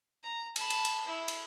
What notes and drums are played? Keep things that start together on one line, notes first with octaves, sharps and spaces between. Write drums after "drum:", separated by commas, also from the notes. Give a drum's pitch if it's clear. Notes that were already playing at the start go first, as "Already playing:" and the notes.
A#5
A5 B5, drum: cymbal
drum: cymbal
drum: cymbal
E4
drum: cymbal